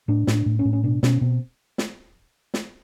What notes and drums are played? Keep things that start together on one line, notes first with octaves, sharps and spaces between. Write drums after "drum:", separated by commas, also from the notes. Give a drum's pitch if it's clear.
A2 D4
A2, drum: snare
D4
A2
C#4
A2
C#4
B2 D4
B2 C#4, drum: snare
B2 C4
drum: snare
drum: snare